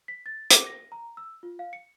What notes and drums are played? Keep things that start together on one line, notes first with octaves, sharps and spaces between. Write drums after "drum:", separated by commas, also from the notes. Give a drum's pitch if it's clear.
B6
A6
D6, drum: hi-hat
A#6
A#5
E6
F4
F5
C#7